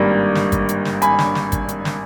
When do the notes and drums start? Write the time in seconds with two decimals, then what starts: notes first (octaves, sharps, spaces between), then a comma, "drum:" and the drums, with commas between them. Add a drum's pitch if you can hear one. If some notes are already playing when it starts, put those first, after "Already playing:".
Already playing: G#1 G2 G3 A#3 B5
0.35 drum: snare
0.52 drum: kick, hi-hat
0.69 drum: hi-hat
0.85 drum: snare
1.02 G#5 B5, drum: hi-hat
1.19 drum: snare
1.35 drum: snare
1.52 drum: kick, hi-hat
1.69 drum: hi-hat
1.85 drum: snare